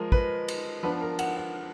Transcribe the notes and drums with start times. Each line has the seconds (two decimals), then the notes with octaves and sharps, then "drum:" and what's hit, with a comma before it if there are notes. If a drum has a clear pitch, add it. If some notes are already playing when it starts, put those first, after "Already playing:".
Already playing: F3 G#3 A#4
0.12 B4, drum: kick
0.48 drum: cymbal
0.83 F3 B3 D4 B4
1.02 A#4
1.19 F#5, drum: cymbal
1.37 F#5